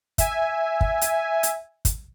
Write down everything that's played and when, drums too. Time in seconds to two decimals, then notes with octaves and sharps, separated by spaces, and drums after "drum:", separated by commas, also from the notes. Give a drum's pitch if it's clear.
0.18 E5 G#5, drum: kick, hi-hat
0.81 drum: kick
1.01 drum: hi-hat
1.43 drum: hi-hat
1.85 drum: kick, hi-hat